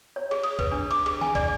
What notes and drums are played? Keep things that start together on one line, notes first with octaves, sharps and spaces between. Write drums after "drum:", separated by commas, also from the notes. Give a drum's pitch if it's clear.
C#5
G#4, drum: cymbal
D#6, drum: cymbal
B4, drum: kick, cymbal
D4
D6, drum: cymbal
G#4, drum: cymbal
G#5, drum: snare
D5, drum: kick, cymbal